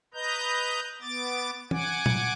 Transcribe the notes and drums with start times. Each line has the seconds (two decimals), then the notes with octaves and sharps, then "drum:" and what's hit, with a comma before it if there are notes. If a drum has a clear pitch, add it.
0.14 B4 D#5 A#5 G6
1.01 B3 D6 A6
1.71 F#5 G#5 D6, drum: tom
2.06 drum: tom